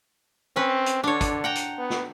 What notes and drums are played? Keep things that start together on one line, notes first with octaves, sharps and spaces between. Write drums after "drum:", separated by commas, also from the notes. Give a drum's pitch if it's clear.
C4 C#4 B4
drum: hi-hat
D3 D4 C#5
drum: kick, hi-hat
F#5 G5 A#5
drum: hi-hat
B3
drum: snare